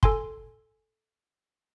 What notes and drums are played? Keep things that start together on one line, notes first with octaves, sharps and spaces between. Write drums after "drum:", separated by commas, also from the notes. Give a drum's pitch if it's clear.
A4 G#5 C6, drum: kick